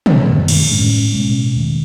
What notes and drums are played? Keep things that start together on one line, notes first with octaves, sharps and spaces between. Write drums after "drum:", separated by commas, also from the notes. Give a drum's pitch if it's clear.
drum: tom
F#2 D#3 A3
drum: cymbal
A2 G#3 C#4
B2 G#3 C#4
E2 D#3 A3